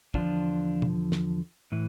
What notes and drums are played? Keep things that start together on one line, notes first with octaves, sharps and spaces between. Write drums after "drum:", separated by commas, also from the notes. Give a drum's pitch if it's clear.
E2 D3 F3 D4 F4, drum: kick
drum: tom B2
drum: snare
A2 E3